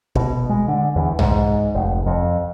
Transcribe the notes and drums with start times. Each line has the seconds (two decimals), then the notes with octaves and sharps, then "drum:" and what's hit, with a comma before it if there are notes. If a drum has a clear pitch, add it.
0.16 B2, drum: kick
0.49 G#3
0.68 D3
0.96 E2
1.19 G#2, drum: tom B1
1.75 F1
2.06 F2